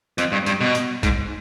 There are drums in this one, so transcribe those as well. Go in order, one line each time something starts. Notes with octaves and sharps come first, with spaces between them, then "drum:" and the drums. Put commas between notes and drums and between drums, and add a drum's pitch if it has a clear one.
F2, drum: hi-hat
G2
G2, drum: hi-hat
B2
drum: hi-hat
G#2, drum: kick, hi-hat